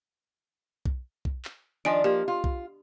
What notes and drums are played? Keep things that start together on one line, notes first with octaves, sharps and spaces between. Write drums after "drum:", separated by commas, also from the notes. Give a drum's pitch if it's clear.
drum: kick B1
drum: kick B1
drum: clap
D#3 F3 D4 D#5 G#5 D7
F3 A#3 G4
F4
drum: kick B1